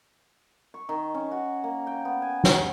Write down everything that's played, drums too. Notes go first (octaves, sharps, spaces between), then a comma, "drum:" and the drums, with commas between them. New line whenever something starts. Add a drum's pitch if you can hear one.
C#6
D#3
C#4
F#4
A#3
G5
B3
G#5
drum: snare